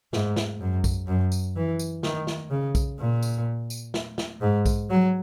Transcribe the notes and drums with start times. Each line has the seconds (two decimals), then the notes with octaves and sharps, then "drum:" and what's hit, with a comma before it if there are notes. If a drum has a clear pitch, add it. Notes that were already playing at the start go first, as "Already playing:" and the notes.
0.13 G#2, drum: snare
0.36 drum: snare
0.60 F#2
0.84 drum: kick B1, tambourine
1.07 F#2
1.32 drum: tambourine
1.56 E3
1.79 drum: tambourine
2.03 D#3, drum: snare
2.27 drum: snare
2.50 C#3
2.75 drum: kick B1, tambourine
2.99 A#2
3.22 drum: tambourine
3.70 drum: tambourine
3.94 drum: snare
4.18 drum: snare
4.41 G#2
4.66 drum: kick B1, tambourine
4.90 F#3